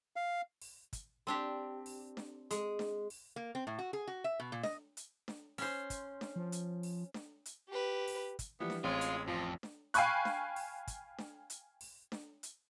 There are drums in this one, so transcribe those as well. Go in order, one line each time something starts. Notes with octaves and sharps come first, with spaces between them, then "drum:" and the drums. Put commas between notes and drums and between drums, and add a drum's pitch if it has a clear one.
F5
drum: open hi-hat
drum: kick, hi-hat
C4 D4 G4
drum: open hi-hat
drum: snare D4
G#3, drum: hi-hat
drum: snare D4
drum: open hi-hat
A#3
C4
A2
F#4
G#4
F#4
E5
B2
A#2
D#5, drum: snare D4
drum: hi-hat
drum: snare D4
C#4 C5, drum: open hi-hat
drum: kick, hi-hat
drum: snare D4
F3
drum: hi-hat
drum: open hi-hat
drum: snare D4
drum: hi-hat
G4 B4
drum: open hi-hat
drum: kick, hi-hat
E3 F3 G3 B3
drum: snare D4
A1 G#3 C4 F4 C#5 G#6
drum: hi-hat
F2 F3 F4
drum: snare D4
F5 G5 G#5 B5 C#6 F#6, drum: hi-hat
drum: snare D4
drum: open hi-hat
drum: kick, hi-hat
drum: snare D4
drum: hi-hat
drum: open hi-hat
drum: snare D4
drum: hi-hat